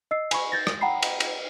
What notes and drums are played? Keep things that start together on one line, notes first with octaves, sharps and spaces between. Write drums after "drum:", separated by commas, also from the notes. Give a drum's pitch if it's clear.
D#5 E6 C7
G#5 B5 C#6, drum: cymbal
G6 A6 A#6
drum: rim click
F#5 G5 A#5 B5 C7
drum: cymbal
drum: cymbal